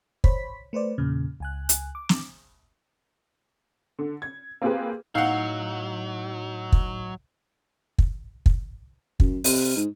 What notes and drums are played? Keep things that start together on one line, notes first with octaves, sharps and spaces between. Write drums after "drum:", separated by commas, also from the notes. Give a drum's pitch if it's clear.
C5 C#5 B5 B6, drum: kick
A3 B4 C5 D5
E2 A#2 C#3
C#2 G#5 F#6
drum: hi-hat
D6
drum: snare
D3
G#6
A#3 C4 F4 G4 G#4 B4
A2 F#3 D#4 D#5 F5 F#5 E6
drum: kick
drum: kick
drum: kick
F#2, drum: kick
C3, drum: open hi-hat
G#2